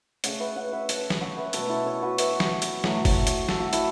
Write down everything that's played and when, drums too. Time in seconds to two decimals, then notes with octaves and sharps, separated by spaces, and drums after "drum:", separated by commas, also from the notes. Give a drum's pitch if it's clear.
0.24 C#3 A3 C#5 F#5, drum: hi-hat
0.40 B4 E5
0.56 C#5 F#5
0.72 B4 E5
0.89 A4 C#5, drum: hi-hat
1.10 drum: snare
1.21 C#5 F#5
1.37 B4 E5
1.53 B2 F#3 A3 A4 C#5, drum: hi-hat
1.69 E4 A4
1.86 A4 C#5
2.02 F#4 B4
2.18 B4 E5, drum: hi-hat
2.40 drum: snare
2.62 drum: hi-hat
2.84 A2 F#3 A3, drum: snare
3.05 drum: kick F#1, open hi-hat
3.27 drum: hi-hat
3.49 A4, drum: snare
3.60 F#4
3.73 E4 A4, drum: hi-hat